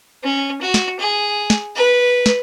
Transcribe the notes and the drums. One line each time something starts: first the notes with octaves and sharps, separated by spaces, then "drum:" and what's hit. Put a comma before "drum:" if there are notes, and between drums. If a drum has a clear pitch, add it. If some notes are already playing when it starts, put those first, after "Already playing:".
C#4
F#4
drum: snare
G#4
drum: snare
B4
drum: snare